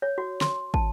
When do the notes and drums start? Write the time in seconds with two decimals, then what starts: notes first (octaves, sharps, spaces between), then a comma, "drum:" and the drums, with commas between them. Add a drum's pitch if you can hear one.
0.02 C#5
0.18 F#4
0.41 C6, drum: snare
0.74 A5, drum: kick